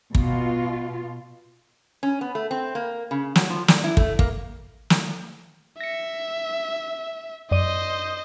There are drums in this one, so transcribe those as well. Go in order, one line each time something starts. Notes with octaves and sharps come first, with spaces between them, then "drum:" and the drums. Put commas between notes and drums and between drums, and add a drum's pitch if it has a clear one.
B2 F4, drum: kick
C#4
B3
A3
C4
A#3
C#3
F#3, drum: snare
F3
D5, drum: snare
E4
A3, drum: kick
A#3, drum: kick
drum: snare
E5 A#6 C#7
F#2 C5 D5 D#5 D#7